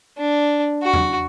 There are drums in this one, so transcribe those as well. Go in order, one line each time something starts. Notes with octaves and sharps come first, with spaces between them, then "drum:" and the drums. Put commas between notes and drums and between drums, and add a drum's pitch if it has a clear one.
D4
F#4
drum: tom E2